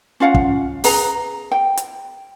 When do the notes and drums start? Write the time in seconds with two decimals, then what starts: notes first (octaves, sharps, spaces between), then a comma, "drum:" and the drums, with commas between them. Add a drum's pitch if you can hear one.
0.20 C#4 F4 F5 F#5
0.34 drum: kick
0.84 G#4 B4 A#5, drum: open hi-hat
1.52 G5
1.77 drum: hi-hat